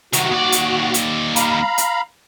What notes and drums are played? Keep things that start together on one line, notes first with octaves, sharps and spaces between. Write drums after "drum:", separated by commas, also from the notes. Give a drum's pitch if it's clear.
C3 D#3 F#4, drum: hi-hat
D#2 D5
drum: hi-hat
drum: hi-hat
F5 A#5 B5, drum: hi-hat
drum: hi-hat